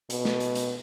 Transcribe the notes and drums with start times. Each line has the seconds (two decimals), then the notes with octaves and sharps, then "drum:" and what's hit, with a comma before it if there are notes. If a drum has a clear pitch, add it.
0.10 B2, drum: hi-hat
0.25 drum: snare
0.40 drum: hi-hat
0.55 drum: hi-hat